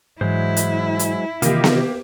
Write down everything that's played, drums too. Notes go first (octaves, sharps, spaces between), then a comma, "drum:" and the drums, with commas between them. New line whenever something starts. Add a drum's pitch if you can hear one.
G#2 E3 F#3 G#3 E4 C5
drum: hi-hat
drum: hi-hat
C3 D#3 E3 A#3 F4 G4 D#5, drum: hi-hat
drum: snare B3